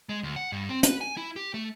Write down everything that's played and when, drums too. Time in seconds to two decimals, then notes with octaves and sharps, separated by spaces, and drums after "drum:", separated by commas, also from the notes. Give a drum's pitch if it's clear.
0.09 G#3
0.23 D2
0.36 F#5
0.52 G2
0.69 C4
0.83 B4, drum: hi-hat
1.01 G#5
1.17 E4
1.36 G4
1.54 A3